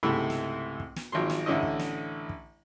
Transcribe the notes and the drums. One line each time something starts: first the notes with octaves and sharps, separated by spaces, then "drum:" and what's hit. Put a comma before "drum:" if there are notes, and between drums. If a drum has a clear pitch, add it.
C#2 G#2 C3 A3 E4 B5
drum: snare
drum: kick
drum: snare
G#1 F3 F#3 C6
drum: snare
A1 D3 C#4 E4 D#5
drum: kick
drum: snare
drum: kick